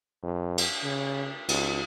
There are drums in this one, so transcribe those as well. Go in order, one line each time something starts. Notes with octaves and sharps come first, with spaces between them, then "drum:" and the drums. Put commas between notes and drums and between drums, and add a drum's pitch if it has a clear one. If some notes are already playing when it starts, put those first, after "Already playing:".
F2
drum: cymbal
C#3
C#2, drum: cymbal